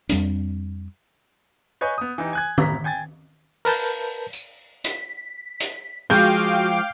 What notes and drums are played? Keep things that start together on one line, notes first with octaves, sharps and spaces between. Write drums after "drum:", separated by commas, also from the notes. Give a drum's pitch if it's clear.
F2 G3 C4 D4, drum: hi-hat
B4 C#5 D#5 G#5 C#6 G6
B3 D#6
E3 D#4 G4
G#5 F#6 G#6
A2 A#5 B6, drum: tom
G5 G#5 G#6 A6
A#4 B4 A5 G6, drum: open hi-hat
drum: tambourine
B6, drum: hi-hat
drum: hi-hat
F3 G#3 F#4 G#4 F5 G5 D6 G6